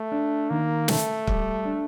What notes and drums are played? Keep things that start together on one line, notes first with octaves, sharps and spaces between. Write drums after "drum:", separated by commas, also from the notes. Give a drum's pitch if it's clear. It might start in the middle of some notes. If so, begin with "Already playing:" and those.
Already playing: A3
D4
D#3 A#3
A3 A4, drum: snare
G3, drum: kick
D4